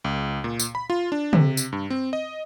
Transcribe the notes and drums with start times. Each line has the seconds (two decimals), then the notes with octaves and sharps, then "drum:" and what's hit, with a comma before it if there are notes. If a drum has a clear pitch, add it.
0.04 C#2
0.44 A#2
0.60 drum: tambourine
0.75 B5
0.90 F4
1.12 D4
1.33 C3, drum: tom
1.57 drum: tambourine
1.73 G2
1.90 C4
2.13 D#5